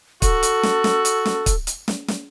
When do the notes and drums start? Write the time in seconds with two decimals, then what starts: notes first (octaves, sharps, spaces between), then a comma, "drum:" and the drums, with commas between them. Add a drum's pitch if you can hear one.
0.22 F#4 A4, drum: kick, hi-hat
0.43 drum: hi-hat
0.63 drum: snare
0.84 drum: snare
1.05 drum: hi-hat
1.25 drum: snare
1.46 drum: kick, hi-hat
1.67 drum: hi-hat
1.88 drum: snare
2.08 drum: snare